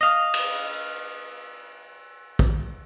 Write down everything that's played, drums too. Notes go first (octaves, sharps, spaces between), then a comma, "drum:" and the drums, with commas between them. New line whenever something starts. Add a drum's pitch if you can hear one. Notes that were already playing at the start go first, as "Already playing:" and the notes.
D#5 F5
drum: cymbal
drum: kick